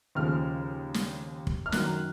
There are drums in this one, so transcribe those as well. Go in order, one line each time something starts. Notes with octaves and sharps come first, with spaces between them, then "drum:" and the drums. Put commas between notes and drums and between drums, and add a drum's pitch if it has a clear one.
D#2 C#3 F3 G#3 F6
drum: snare
drum: kick
F6
F#2 D#3 F#3 F#6, drum: snare